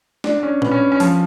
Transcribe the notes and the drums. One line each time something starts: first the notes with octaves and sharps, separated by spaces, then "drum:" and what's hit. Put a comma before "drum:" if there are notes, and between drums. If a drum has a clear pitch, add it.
D4, drum: snare
C#4
B3, drum: tom A#2
C#4
C#4
F3, drum: open hi-hat